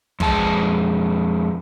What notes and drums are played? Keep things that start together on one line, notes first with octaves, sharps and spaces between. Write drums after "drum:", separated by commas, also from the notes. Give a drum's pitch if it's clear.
F2 G#3 A5, drum: kick